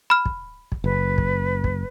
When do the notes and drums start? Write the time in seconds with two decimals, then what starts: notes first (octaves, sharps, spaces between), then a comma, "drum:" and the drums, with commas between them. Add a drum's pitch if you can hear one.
0.10 B5 F6
0.25 drum: kick
0.72 drum: kick
0.84 F#1 B4
1.18 drum: kick
1.64 drum: kick